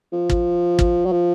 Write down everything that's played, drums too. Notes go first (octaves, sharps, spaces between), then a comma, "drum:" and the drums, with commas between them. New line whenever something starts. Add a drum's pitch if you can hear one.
F3
drum: kick
drum: kick
F#3
F3